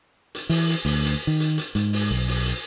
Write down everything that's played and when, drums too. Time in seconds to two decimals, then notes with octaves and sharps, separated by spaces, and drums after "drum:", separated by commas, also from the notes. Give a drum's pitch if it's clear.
0.35 drum: hi-hat
0.49 E3, drum: open hi-hat
0.70 drum: hi-hat
0.85 D2, drum: open hi-hat
1.05 drum: hi-hat
1.27 D#3
1.40 drum: hi-hat
1.58 drum: hi-hat
1.75 G#2, drum: hi-hat
1.93 drum: open hi-hat
2.11 B1
2.28 drum: open hi-hat
2.46 drum: hi-hat